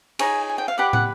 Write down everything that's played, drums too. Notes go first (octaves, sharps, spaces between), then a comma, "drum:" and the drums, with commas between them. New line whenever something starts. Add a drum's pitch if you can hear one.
D#4 G#4 C#5 G#5, drum: cymbal
G#5
G5
F5
G4 B4 D5 F#5
F#5, drum: tom